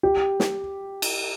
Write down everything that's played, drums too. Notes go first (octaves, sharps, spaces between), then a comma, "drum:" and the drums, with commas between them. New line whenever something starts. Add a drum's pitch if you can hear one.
G4
drum: snare
drum: cymbal